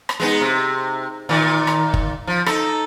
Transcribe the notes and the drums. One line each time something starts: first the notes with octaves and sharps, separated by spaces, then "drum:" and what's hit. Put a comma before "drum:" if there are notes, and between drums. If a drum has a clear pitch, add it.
drum: rim click
G#3 B3 D#4
C3
A#2 D#3
drum: rim click
drum: kick G1
F3
D#4 A4, drum: rim click